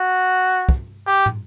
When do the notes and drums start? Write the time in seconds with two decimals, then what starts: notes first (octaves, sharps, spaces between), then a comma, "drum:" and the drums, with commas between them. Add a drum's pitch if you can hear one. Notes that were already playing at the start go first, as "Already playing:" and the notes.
Already playing: F#4
0.69 drum: kick
1.06 G4
1.26 drum: tom